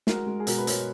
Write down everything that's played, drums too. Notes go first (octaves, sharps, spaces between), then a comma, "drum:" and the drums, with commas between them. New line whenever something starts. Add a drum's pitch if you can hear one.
G#3 F#4 A#4, drum: snare
G#3
G#4
B2 F#4 A#4, drum: hi-hat
B4
G#3 A#4 C#5, drum: hi-hat